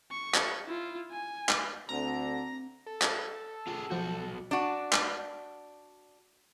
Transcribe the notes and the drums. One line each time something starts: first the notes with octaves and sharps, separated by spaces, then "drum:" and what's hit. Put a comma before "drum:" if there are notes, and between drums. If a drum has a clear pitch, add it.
C#6
drum: clap
E4 F4
G#5
drum: clap
D2 D3 C4 A#5
A4
drum: clap
F4 G#4
B1 F3 F#4 F#5 G6
D4 F#4
drum: clap